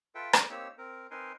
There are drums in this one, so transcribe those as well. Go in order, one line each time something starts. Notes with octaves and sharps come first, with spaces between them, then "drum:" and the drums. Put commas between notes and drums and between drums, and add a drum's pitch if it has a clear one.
F4 A4 B4 E5 G5
G#4 B4 C5 G#5 D6, drum: rim click
A#3 C4 D#4 G4 C#5 E6
C4 A#4
C4 D#4 A#4 B4 G#5 C6